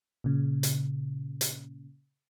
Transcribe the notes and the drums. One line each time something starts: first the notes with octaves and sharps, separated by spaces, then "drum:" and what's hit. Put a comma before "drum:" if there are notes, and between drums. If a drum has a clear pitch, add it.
A#2 C#3
drum: hi-hat
drum: hi-hat